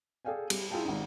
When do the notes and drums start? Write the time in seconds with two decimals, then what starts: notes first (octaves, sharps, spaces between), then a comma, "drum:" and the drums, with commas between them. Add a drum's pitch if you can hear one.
0.25 G#4 A4 D5 F5 G5 G#5
0.50 G3, drum: cymbal
0.70 E4 F4 G#4 F5 G5 A5
0.85 G#1 D#4